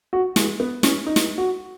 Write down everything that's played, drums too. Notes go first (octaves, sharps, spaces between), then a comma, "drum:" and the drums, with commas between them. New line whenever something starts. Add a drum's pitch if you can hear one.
F#4
G#3, drum: snare
B3
C#4, drum: snare
D#4
drum: snare
F#4